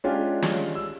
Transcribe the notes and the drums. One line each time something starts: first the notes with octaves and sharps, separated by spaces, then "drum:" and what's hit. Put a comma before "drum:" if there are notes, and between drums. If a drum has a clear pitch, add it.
G#3 C#4 D4 F4 G4
drum: snare
E6